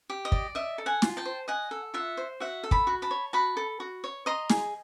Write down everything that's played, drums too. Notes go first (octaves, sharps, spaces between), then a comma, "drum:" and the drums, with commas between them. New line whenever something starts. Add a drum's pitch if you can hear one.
G4
D#5
D5, drum: kick
D#5 E5
A4
F#5 G#5
F4, drum: snare
G5 A5
C5
D#5 F#5 G#5
A4
F4 E5 F#5
C5
F#4 E5 F#5
A4
A5 B5, drum: kick
F#4
A5 B5
C#5
F#4 A5 B5
A4
F#4
C#5
D#5 A#5 C6
G#4, drum: snare